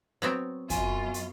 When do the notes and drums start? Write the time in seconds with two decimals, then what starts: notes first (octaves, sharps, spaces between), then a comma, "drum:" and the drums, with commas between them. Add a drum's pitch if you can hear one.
0.22 F#3 B3 C4
0.70 F#2 B2 F4 G#5, drum: kick, hi-hat
1.14 drum: hi-hat